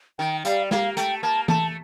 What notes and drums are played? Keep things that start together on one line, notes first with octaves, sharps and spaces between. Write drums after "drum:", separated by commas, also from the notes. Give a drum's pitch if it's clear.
D#3 G5
G3 F5, drum: hi-hat
A#3 F5, drum: snare
A3 G5, drum: hi-hat
A#3 A5
A3 A5, drum: tom